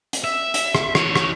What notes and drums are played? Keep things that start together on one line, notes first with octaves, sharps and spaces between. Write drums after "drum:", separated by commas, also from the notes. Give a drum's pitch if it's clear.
drum: hi-hat
E5
drum: hi-hat
drum: rim click
E3 C#5, drum: rim click
drum: rim click